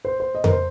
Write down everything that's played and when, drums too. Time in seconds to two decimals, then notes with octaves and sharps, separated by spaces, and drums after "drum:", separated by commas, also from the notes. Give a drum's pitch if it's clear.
0.05 C5
0.20 C5
0.35 D#5
0.44 A#4, drum: tom F2
0.49 C5